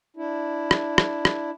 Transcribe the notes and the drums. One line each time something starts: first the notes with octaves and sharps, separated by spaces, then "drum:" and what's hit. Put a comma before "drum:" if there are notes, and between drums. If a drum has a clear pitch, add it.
D4 E4
drum: rim click
drum: rim click
drum: rim click